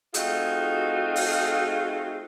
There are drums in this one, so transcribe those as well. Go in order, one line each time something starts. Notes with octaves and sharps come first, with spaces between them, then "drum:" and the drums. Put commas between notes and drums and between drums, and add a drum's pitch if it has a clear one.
A3 C4 D#4 F4 F#4 G#4, drum: hi-hat
drum: open hi-hat